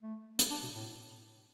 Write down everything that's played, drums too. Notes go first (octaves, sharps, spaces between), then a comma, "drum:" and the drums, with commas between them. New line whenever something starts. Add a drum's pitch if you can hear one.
A3
B3, drum: hi-hat
D4
B2
A2